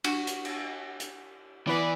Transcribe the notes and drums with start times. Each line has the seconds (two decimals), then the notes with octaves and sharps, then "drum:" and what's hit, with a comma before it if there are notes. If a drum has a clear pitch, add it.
0.04 D4 F#4 C#6, drum: cymbal
0.27 drum: hi-hat
0.45 drum: cymbal
1.00 drum: hi-hat
1.67 E3 B3 B4 D5